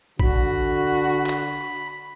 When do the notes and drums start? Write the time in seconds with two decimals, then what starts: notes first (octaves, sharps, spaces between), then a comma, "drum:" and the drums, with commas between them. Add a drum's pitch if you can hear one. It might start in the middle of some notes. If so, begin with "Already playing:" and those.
0.19 D3 F#4 B5, drum: kick A1
1.26 drum: clap